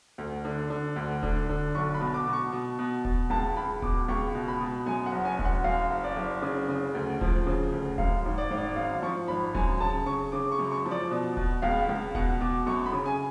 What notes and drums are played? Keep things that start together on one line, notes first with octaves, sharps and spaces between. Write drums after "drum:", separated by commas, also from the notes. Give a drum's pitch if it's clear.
D2
D3
D3
D2
D3, drum: kick D#1
D3
B1 C#6
B5
B2
D6
B2
C#6
B2
B2
B2, drum: kick D#1
C#2 A5
C#2 B5
B2 D6, drum: kick D#1
C#2 C#6
B2
B5
B2
F#2 G#5
F#5
F#1
G#5
F#2, drum: kick D#1
F#5
F#2 F5
F#1
D5
F#1
C#3
C#3
D2
F3, drum: kick D#1
C#3
D2
F#2 F5, drum: kick D#1
G#1
D5
G#1
D5
F#2 F5
F3 C#6
G#1 B5
F#2 G#5, drum: kick D#1
C#3 A5
C#3 C#6
C#3 D6
C#6
F#2
C#6
F3
D5
B2
B2, drum: kick D#1
C#2 F5
C#2
B2 F#5, drum: kick D#1
B2 D6
F#2 C#6
B5
C#3
G#5